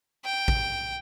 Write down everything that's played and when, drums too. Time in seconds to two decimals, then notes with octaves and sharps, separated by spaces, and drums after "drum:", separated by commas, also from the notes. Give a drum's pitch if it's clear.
0.25 G5
0.48 drum: kick